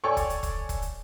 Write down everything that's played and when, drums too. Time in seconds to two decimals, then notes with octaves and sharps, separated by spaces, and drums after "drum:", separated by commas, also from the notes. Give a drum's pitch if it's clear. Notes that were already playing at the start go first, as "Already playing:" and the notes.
0.04 A4 C#5 D5 G5 G#5 C#6
0.17 drum: kick, hi-hat
0.30 drum: hi-hat
0.43 drum: kick, hi-hat
0.69 drum: kick, hi-hat
0.82 drum: hi-hat